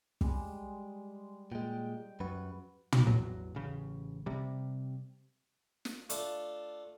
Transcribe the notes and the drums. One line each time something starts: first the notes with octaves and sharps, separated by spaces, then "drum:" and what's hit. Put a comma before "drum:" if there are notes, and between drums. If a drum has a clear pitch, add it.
G3 G#3, drum: kick
A#2 G#3 G5
F#2 F#4 B4
drum: tom
A1 E2 F#3
A1 C#3
C3 G3
drum: snare
A3 D4 F4, drum: hi-hat